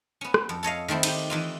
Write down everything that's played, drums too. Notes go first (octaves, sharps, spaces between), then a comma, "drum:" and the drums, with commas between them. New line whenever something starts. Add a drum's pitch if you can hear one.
B3 C#4
drum: rim click
F2
A4 C#5 D#5 F5
D#3 A3 C4 E4
D#4 G4, drum: cymbal
E3 D#4 F4